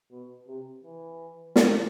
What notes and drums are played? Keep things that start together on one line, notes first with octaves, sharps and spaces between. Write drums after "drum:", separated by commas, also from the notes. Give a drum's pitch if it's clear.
B2
C3
E3
drum: snare